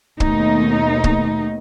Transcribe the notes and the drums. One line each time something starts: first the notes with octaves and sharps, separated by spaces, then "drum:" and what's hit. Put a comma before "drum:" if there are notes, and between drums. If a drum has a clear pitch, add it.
D#2 B2 A3 D#4, drum: kick
drum: kick